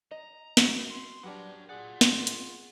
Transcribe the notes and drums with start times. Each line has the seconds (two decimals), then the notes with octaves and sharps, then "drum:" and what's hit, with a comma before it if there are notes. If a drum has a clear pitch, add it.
0.11 D#5 A#5
0.57 D4 F#4 F#5, drum: snare
0.90 C6
1.23 F#3 D4 G4 A#4 B4 F#5
1.69 F4 G#4 D5 F#5
2.01 drum: snare
2.27 drum: hi-hat